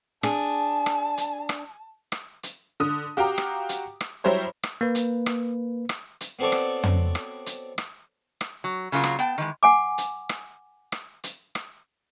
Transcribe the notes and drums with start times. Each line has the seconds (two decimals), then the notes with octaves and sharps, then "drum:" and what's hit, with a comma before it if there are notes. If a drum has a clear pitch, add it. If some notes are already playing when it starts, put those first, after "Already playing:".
0.23 D4 G#4 A5, drum: rim click
0.86 drum: rim click
1.18 drum: hi-hat
1.49 drum: rim click
2.12 drum: rim click
2.43 drum: hi-hat
2.80 D3 D#6
3.17 F#4 G4 F5 G5 A#5 D6
3.38 drum: rim click
3.69 drum: hi-hat
4.01 drum: rim click
4.24 F#3 G3 E4 C5 C#5
4.63 drum: rim click
4.81 A#3 B4
4.95 drum: hi-hat
5.26 drum: rim click
5.89 drum: rim click
6.21 drum: hi-hat
6.39 B3 C4 F#4 A4 C#5 D5
6.52 drum: rim click
6.83 drum: tom
7.15 drum: rim click
7.46 drum: hi-hat
7.78 drum: rim click
8.41 drum: rim click
8.64 F#3
8.92 C#3 F#3 A#3 F4 A#4
9.04 drum: rim click
9.19 B3 G5 A5
9.38 D#3 E3 G#3
9.63 F#5 G#5 D6
9.98 drum: hi-hat
10.29 drum: rim click
10.92 drum: rim click
11.24 drum: hi-hat
11.55 drum: rim click